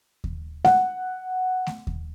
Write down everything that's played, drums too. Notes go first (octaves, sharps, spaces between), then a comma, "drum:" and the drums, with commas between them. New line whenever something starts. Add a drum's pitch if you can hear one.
drum: kick D#2
F#5, drum: snare A3
drum: snare A3
drum: kick D#2